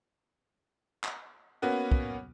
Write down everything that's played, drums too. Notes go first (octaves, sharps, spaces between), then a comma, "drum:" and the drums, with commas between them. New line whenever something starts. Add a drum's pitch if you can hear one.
drum: clap
A#3 B3 C#4 F#4
drum: kick